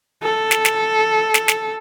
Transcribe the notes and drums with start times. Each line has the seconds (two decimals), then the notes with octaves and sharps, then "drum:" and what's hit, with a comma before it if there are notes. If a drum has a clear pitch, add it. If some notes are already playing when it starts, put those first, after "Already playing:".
0.23 A4
0.51 drum: snare
0.65 drum: snare
1.34 drum: snare
1.48 drum: snare